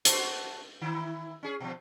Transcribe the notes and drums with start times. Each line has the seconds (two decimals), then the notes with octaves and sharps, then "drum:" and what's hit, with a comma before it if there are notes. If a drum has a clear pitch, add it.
0.05 F#4 A4 C5, drum: hi-hat
0.81 D#3 E4
1.43 C#4 G#4
1.60 B2 F3